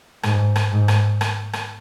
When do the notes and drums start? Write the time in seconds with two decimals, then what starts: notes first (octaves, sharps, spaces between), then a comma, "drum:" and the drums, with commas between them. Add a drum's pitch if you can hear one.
0.23 G#2, drum: rim click
0.56 drum: rim click
0.71 G#2
0.88 drum: rim click
1.21 drum: rim click
1.53 drum: rim click